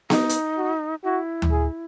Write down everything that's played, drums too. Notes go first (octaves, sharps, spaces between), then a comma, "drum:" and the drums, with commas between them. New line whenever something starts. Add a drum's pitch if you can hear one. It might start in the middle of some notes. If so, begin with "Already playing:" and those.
D#4, drum: snare B3
drum: hi-hat
F#4
E4 F#4
drum: tom D2
G#4